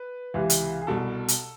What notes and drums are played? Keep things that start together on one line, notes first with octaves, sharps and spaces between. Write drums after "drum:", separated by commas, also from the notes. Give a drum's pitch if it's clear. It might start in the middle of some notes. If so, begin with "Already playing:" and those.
Already playing: B4
C#2 C3 E3
drum: hi-hat
G#4
C2 B2 A4
drum: hi-hat